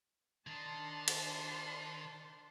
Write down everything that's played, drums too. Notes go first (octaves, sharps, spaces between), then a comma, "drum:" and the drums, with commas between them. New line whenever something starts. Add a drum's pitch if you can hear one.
D#3 D4 A5 C6
drum: cymbal